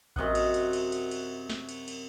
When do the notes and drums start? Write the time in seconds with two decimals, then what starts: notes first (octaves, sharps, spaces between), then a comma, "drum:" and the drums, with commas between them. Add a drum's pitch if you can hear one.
0.16 F#2 C3 D#5 F#5, drum: kick A1
0.35 drum: cymbal
0.54 drum: cymbal
0.73 drum: cymbal
0.92 drum: cymbal
1.11 drum: cymbal
1.50 drum: snare
1.69 drum: cymbal
1.88 drum: cymbal